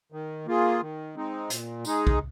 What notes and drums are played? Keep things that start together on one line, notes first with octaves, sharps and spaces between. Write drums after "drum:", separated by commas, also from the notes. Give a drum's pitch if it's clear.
D#3
A#3 F4 G#4
D#3
G#3 C4 D#4
A#2, drum: hi-hat
G#3 D#4 G#4, drum: tambourine
drum: kick